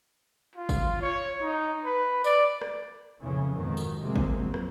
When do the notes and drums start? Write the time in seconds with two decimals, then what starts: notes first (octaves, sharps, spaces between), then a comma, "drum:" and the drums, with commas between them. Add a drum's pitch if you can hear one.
0.56 F4
0.69 drum: kick G1, tambourine
1.01 C#5
1.41 D#4
1.85 B4
2.24 D5, drum: tambourine
2.61 drum: rim click
3.21 F2 C#3 E3
3.54 F2 G#2 B2 D#3
3.77 drum: tambourine
4.01 C3 G#3 A#3 C4
4.15 drum: kick G1
4.36 F2 F#3 C4
4.54 drum: rim click